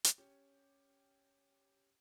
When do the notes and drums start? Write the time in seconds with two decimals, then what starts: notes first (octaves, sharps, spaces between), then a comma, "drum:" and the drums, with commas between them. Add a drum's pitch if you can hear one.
0.04 drum: hi-hat
0.18 C#4 G4 C#5